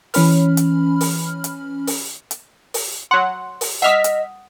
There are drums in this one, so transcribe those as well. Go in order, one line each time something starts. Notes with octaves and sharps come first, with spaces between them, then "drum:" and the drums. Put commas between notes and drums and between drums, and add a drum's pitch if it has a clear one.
E3 C#4 B5 F6, drum: open hi-hat
drum: hi-hat
drum: open hi-hat
drum: hi-hat
drum: open hi-hat
drum: hi-hat
drum: open hi-hat
F#3 F#5 C6
drum: open hi-hat
D#5 E5 F#5 D#6 F6 B6
drum: hi-hat